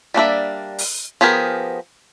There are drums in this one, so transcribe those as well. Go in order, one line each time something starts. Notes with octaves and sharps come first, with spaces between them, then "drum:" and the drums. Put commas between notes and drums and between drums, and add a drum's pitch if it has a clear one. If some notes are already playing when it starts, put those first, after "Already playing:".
G3 A#3 D4 E5
drum: open hi-hat
F3 B3 G4 G#4 A#4